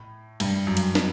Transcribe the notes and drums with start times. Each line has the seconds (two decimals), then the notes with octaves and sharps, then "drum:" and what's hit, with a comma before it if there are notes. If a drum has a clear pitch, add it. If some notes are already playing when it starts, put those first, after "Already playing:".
Already playing: A2
0.40 G2, drum: cymbal
0.67 F#2
0.77 drum: cymbal
0.95 drum: snare